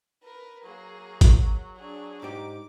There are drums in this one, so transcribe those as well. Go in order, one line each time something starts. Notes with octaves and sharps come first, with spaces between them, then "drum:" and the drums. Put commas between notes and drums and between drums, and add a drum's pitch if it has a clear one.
A#4 B4
F#3 A#3 G#4
drum: kick G#1, hi-hat
D4 G#4
G#2 D#4 G4 D6